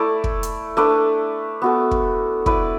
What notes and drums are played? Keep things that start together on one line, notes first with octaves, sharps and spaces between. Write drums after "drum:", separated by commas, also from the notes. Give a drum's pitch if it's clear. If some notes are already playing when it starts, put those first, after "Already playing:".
Already playing: A3 E4 D5
drum: kick
drum: hi-hat
A3 D4 B4 D5
B3 F#4 A4
drum: kick
E4 B4 D5, drum: kick